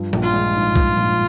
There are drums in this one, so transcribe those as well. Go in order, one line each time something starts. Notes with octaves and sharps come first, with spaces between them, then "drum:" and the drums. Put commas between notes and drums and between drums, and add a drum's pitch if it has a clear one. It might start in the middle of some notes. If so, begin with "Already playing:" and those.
Already playing: G2 F3
A#1, drum: tom F3
F4
G#3
G#2
F3, drum: kick
A#1